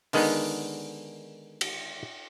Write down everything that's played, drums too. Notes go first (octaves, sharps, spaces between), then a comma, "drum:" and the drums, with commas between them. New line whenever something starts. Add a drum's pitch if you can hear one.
D3 D#3 G#3 B3 D4 D#4, drum: open hi-hat
drum: cymbal